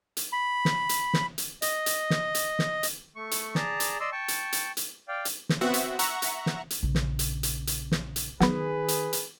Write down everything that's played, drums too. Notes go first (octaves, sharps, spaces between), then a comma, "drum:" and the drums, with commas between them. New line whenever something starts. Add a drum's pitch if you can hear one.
drum: hi-hat
B5
drum: snare
drum: hi-hat
drum: snare
drum: hi-hat
D#5, drum: hi-hat
drum: hi-hat
drum: snare
drum: hi-hat
drum: snare
drum: hi-hat
A3 C#6
drum: hi-hat
G#4 D5 A5 A#5, drum: snare
drum: hi-hat
D5 D#5 C6 E6
G5 A5 C#6
drum: hi-hat
drum: hi-hat
drum: hi-hat
D5 F5 G5
drum: hi-hat
drum: snare
B3 C4 F#4 E5 F#5
drum: hi-hat
E5 F#5 A#5 C#6, drum: hi-hat
drum: hi-hat
drum: snare
drum: hi-hat
A#1 C#3
drum: snare
drum: hi-hat
drum: hi-hat
drum: hi-hat
drum: snare
drum: hi-hat
D#3 F#3 B3 G#4 B4, drum: snare
drum: hi-hat
drum: hi-hat